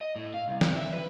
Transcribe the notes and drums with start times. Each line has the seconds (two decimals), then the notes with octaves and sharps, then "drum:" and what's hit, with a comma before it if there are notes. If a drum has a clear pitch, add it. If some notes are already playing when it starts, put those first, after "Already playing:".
0.01 D#5
0.16 A2
0.34 F5
0.48 C2
0.61 D#3, drum: snare
0.75 E5
0.93 B4